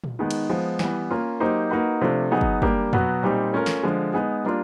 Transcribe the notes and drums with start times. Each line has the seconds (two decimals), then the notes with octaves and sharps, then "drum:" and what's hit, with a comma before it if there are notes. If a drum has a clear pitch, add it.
0.04 drum: tom A#2
0.19 D#3 G#3 B3 D#4
0.31 drum: cymbal
0.49 F3 G#3 B3
0.79 E3 G3 B3, drum: snare
1.11 A#3 C#4 F4
1.40 F#3 A#3 D#4 G4 C5
1.70 A#3 D#4 F#4 B4
2.01 C3 F3 A3 D4 F4
2.31 F#3 B3 D#4 G#4
2.41 drum: kick
2.62 G3 A#3 D4 G4, drum: kick
2.93 B2 F#3 B3, drum: tom F2
3.23 A#2 G3 C4 D#4 G4
3.53 A3 C#4 F4 A#4
3.66 drum: snare
3.83 D3 F3 G#3
4.14 G#3 B3 D#4 G#4
4.44 G3 A#3 D4 F4